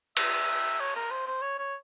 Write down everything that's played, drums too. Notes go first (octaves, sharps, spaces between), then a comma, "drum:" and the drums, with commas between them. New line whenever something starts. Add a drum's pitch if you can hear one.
E5, drum: cymbal
C#5
A#4
C5
C5
C#5
C#5